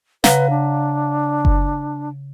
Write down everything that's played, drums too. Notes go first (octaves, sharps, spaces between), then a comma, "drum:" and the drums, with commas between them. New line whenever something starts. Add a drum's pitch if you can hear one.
C#3 B4 F5 F#5 A#5, drum: snare
D4
drum: kick F#1